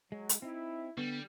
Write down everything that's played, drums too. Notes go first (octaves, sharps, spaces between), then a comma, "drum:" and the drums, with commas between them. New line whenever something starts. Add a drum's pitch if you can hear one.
F#3 G#3
drum: hi-hat
C4 D#4 E4
D3 G3 B3